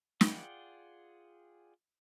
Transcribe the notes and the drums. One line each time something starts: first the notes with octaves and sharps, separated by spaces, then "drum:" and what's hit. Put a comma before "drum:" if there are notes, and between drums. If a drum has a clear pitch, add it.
F4 G#4 D5 F#5 G5, drum: snare